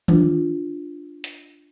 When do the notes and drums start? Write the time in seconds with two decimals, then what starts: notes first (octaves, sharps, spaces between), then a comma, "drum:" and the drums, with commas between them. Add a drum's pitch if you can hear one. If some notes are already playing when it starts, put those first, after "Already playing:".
0.08 D4 F4, drum: tom D#3
1.24 drum: hi-hat